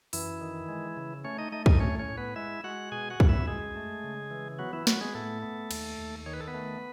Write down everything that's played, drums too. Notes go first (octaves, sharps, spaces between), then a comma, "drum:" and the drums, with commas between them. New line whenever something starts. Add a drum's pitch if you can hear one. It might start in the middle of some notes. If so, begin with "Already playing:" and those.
F#2 E3 E4, drum: open hi-hat
D#3
G#3
C#3
A3 C#4 C#5
D#4 D#5
A3 D#4 D#5
D#4 D#5, drum: kick
A2 C#4 C#5
C#4 C#5
A2
B3 B4
G#3 E4 E5
G#3 F#4 F#5
B2 G#4 G#5
F#4 F#5
B2, drum: kick
E4 E5
F#2 G#3 G#4
A3
C#3
E3
F#3 B3 F#4
E3 E4
F#3 B3 F#4, drum: snare
G#3 G#4
A2 A3 A4
B3
D#2, drum: cymbal
D#2
D#3 C#5
B4
A4
B3 B4
A3